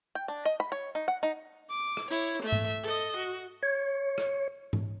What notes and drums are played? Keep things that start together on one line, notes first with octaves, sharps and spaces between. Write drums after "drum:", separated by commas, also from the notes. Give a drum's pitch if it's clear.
G5
D4
D#5
B5
C#5
D#4
F#5
D#4
D6
drum: rim click
E4 C#5
A3 E5
drum: tom G#2
A4 D#5
F#4
C#5
drum: rim click
drum: tom G#2